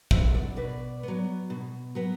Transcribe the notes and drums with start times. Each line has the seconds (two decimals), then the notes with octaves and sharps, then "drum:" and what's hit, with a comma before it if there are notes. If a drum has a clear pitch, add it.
0.11 F#3 B3 C5 E5, drum: kick
0.34 D5 F#5
0.57 B2 B4 D5
1.03 F#3 B3
1.50 B2
1.95 F#3 B3